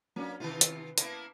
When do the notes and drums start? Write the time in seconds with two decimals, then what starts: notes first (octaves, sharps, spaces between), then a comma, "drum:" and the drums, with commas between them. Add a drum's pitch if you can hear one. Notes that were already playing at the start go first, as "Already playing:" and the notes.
0.16 F#3 A#3 C#4 D4
0.40 C3 D#3 E3 B3 F4
0.61 drum: hi-hat
0.98 A#3 B3 E4 A5, drum: hi-hat